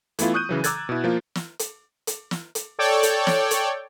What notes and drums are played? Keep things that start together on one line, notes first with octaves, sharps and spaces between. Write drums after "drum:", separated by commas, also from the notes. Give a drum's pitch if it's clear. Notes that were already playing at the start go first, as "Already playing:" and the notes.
E3 A3 B3 E4 F4, drum: hi-hat
C#6 D#6 F#6 G6 D#7
C#3 E3 F#3
A#5 D6 E6 F#6 G#6 A6, drum: hi-hat
B2 E4
F3 A#3 F4
drum: snare
drum: hi-hat
drum: hi-hat
drum: snare
drum: hi-hat
A4 C#5 D5 G5
drum: hi-hat
drum: snare
drum: hi-hat